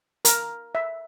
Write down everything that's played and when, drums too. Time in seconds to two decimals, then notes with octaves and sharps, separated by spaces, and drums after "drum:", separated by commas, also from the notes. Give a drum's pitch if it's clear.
0.25 A#4, drum: hi-hat
0.75 E5